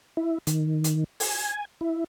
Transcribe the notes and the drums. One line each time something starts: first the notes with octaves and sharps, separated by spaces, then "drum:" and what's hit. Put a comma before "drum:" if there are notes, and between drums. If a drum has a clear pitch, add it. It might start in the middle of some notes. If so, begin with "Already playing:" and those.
E4
D#3, drum: hi-hat
drum: hi-hat
G#5, drum: open hi-hat
E4